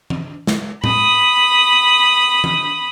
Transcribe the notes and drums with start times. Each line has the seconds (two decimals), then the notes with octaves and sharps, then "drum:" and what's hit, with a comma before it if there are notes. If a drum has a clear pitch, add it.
0.10 drum: tom E3
0.47 drum: snare
0.84 B5 D#6, drum: tom A2
2.44 drum: tom E3